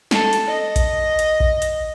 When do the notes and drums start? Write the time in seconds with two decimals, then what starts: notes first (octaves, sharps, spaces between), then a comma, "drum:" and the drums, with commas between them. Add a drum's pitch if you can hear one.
0.11 A4, drum: snare
0.33 drum: hi-hat
0.49 D#5
0.76 drum: kick A#1, hi-hat
1.19 drum: hi-hat
1.40 drum: kick A#1
1.62 drum: hi-hat